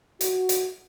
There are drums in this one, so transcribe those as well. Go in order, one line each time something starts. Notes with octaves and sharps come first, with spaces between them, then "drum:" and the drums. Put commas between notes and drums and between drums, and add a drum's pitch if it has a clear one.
F#4, drum: hi-hat
drum: hi-hat